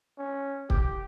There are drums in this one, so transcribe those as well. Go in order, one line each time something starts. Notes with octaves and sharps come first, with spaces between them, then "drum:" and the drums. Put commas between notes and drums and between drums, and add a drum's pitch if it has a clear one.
C#4
G4, drum: kick C#1